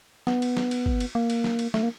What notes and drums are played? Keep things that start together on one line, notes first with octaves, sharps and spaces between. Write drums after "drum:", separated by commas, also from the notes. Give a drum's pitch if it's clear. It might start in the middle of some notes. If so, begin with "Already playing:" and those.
B3, drum: snare
drum: cymbal
drum: snare
drum: cymbal
drum: kick
drum: cymbal
A#3
drum: cymbal
drum: snare
drum: cymbal
A3, drum: snare
A#3